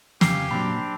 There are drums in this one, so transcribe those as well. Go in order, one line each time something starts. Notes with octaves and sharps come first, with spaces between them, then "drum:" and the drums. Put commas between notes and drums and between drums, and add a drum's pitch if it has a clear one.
F2 C#3 G4 F5 G#5 C7, drum: snare
A#2 F#3 C4 D4 B5